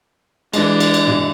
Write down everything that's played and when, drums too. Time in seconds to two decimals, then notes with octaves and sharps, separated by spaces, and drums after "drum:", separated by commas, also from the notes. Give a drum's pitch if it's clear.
0.53 E3 G#3 D4, drum: cymbal
0.80 drum: cymbal
0.94 drum: cymbal
1.07 drum: tom